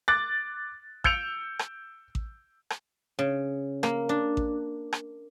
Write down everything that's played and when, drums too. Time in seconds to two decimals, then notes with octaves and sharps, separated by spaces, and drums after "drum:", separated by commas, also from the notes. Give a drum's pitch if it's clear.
0.08 D6 F#6 A6
1.04 E6 G6 C#7 D7 F7, drum: kick A1
1.59 drum: rim click
2.15 drum: kick A1
2.70 drum: rim click
3.19 C#3
3.83 A#3, drum: rim click
4.09 D4
4.37 drum: kick A1
4.93 drum: rim click